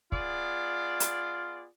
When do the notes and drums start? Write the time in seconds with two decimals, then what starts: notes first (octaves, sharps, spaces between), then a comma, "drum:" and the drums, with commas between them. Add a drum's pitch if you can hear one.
0.12 B3 F4 G#4 D5, drum: kick
1.00 drum: hi-hat